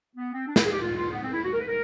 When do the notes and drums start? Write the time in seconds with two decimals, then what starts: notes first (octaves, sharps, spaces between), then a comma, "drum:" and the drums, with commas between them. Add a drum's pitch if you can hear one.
0.16 B3
0.33 C4
0.48 D4
0.56 E4, drum: snare
0.65 G#4
0.72 G4
0.81 F4
0.97 F4
1.12 B3
1.24 C4
1.34 E4
1.44 F#4
1.52 A#4
1.61 B4
1.68 A#4